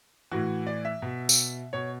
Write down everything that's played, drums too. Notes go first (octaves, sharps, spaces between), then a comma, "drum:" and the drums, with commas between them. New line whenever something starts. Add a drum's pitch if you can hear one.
A2 E3 F#4
D5
E5
B2
drum: tambourine
B2 C#5